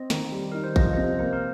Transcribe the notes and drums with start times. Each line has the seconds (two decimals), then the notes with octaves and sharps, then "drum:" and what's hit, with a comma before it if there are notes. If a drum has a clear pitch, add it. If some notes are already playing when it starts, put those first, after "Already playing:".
Already playing: C4 D#5
0.10 D#3, drum: snare
0.32 G3
0.52 D#4 A#4
0.64 C5
0.76 F3 D#5, drum: kick
0.93 C5
0.97 C3 D#5
1.19 A#3 C5
1.33 A#4